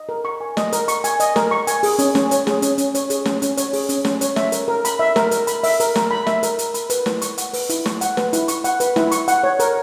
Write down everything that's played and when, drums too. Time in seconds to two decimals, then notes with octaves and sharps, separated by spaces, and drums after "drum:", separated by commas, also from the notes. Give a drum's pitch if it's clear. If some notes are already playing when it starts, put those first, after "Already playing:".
Already playing: D#5
0.09 A#4
0.25 C#6
0.41 G#5
0.57 D#5, drum: snare
0.72 A#4, drum: hi-hat
0.88 C#6, drum: hi-hat
1.04 G#5, drum: hi-hat
1.20 D#5, drum: hi-hat
1.36 A#4, drum: snare
1.51 C#6
1.67 G#5, drum: hi-hat
1.83 G#4, drum: open hi-hat
1.99 C#4, drum: hi-hat
2.15 C#4, drum: snare
2.31 C#5, drum: hi-hat
2.47 G#4, drum: snare
2.62 C#4, drum: hi-hat
2.78 C#4, drum: hi-hat
2.95 C#5, drum: hi-hat
3.10 G#4, drum: hi-hat
3.25 C#4, drum: snare
3.42 C#4, drum: hi-hat
3.57 C#5, drum: hi-hat
3.73 G#4, drum: open hi-hat
3.89 C#4, drum: hi-hat
4.05 C#4, drum: snare
4.21 C#5, drum: hi-hat
4.36 E5, drum: snare
4.52 A#4, drum: hi-hat
4.68 A#4
4.85 B5, drum: hi-hat
4.99 E5
5.16 A#4, drum: snare
5.31 A#4, drum: hi-hat
5.47 B5, drum: hi-hat
5.63 E5, drum: open hi-hat
5.80 A#4, drum: hi-hat
5.96 A#4, drum: snare
6.11 B5
6.27 E5, drum: snare
6.43 A#4, drum: hi-hat
6.59 A#4, drum: hi-hat
6.74 B5, drum: hi-hat
6.90 B4, drum: hi-hat
7.06 E4, drum: snare
7.22 C#6, drum: hi-hat
7.38 F#5, drum: hi-hat
7.53 B4, drum: open hi-hat
7.69 E4, drum: hi-hat
7.86 C#6, drum: snare
8.01 F#5, drum: hi-hat
8.17 B4, drum: snare
8.33 E4, drum: hi-hat
8.48 C#6, drum: hi-hat
8.64 F#5, drum: hi-hat
8.80 B4, drum: hi-hat
8.96 E4, drum: snare
9.11 C#6, drum: hi-hat
9.28 F#5, drum: hi-hat
9.43 C#5
9.59 A#4, drum: hi-hat